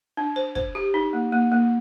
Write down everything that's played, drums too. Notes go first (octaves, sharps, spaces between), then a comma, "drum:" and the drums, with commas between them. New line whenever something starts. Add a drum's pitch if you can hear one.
D4
C5
C5, drum: kick
G4
D#4
A#3
A#3
A#3